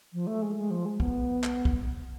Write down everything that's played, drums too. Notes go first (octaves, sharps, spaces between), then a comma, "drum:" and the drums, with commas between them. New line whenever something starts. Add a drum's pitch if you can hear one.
F3
A3
G#3
G#3
F3
G#3
B3, drum: kick
drum: clap
drum: kick